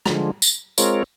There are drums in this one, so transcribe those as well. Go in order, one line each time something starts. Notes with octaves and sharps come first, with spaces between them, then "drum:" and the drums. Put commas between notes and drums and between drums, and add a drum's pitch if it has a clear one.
D3 F3 G#3, drum: rim click
drum: tambourine
G#3 C4 F4 A#4 C#5, drum: tambourine